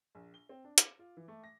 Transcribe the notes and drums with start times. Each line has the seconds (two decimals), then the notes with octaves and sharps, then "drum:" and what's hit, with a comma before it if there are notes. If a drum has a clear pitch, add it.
0.15 A#1
0.34 G7
0.49 C4
0.64 D4
0.78 D6, drum: hi-hat
0.99 F4
1.17 E3
1.28 A3
1.44 A#6